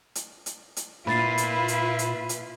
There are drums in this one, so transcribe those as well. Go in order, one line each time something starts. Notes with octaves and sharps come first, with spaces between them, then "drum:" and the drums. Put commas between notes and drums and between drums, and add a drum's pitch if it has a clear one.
drum: hi-hat
drum: hi-hat
drum: hi-hat
A#2 E4 F4 B4 B5 A6 C7, drum: snare D4
drum: hi-hat
drum: hi-hat
drum: hi-hat
drum: hi-hat